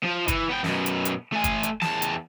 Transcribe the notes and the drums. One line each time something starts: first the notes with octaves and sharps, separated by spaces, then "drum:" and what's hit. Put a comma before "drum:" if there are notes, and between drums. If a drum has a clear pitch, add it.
F3
E3, drum: kick, hi-hat
B3 G5
F#2 B2, drum: snare
drum: hi-hat
drum: hi-hat
A3 G#5
drum: kick, hi-hat
drum: hi-hat
E2 A5, drum: snare
drum: hi-hat